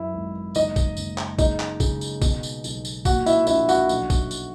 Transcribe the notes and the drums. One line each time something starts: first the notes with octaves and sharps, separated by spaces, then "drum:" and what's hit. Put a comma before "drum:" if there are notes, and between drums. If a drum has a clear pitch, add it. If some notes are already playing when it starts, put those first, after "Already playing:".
Already playing: F#2 E4 E5
G#1
F#1 D#4 D#5, drum: tambourine
drum: kick A#1, tambourine
F#1, drum: tambourine
drum: clap
C#3 D#4 D#5, drum: kick A#1, tambourine
drum: clap
C#3, drum: kick A#1, tambourine
drum: tambourine
B2, drum: kick A#1, tambourine
drum: tambourine
B1, drum: tambourine
drum: tambourine
A#2 F#4 F#5, drum: kick A#1, tambourine
E4 E5, drum: tambourine
A#1 E4 E5, drum: tambourine
F#4 F#5, drum: tambourine
B1, drum: tambourine
drum: kick A#1, tambourine
drum: tambourine